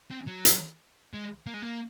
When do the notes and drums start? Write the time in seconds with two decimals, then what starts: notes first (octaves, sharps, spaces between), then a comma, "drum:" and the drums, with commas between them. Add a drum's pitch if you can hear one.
0.11 C4
0.28 F#3
0.45 drum: hi-hat
1.13 G#3
1.46 A#3
1.54 G#3
1.62 A#3